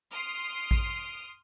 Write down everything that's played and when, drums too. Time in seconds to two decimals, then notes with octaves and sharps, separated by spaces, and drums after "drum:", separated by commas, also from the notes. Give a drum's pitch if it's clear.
0.12 C6 D#6 F6 C7 D7
0.71 drum: kick A1